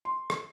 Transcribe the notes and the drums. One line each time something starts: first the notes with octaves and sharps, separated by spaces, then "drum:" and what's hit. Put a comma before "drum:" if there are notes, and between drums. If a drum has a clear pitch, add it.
C6
drum: rim click